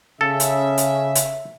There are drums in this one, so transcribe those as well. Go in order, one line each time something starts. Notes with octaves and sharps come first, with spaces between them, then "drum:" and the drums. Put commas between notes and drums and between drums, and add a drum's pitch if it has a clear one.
C#3 A4 E5
drum: hi-hat
drum: hi-hat
drum: hi-hat